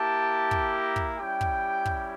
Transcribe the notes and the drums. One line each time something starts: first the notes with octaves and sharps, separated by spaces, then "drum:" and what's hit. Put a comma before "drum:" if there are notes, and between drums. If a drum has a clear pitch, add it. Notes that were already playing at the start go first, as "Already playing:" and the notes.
Already playing: A#3 E4 G4 A5
drum: kick
A#5
drum: kick
G3 C#4 E4 G4 G5
drum: kick
drum: kick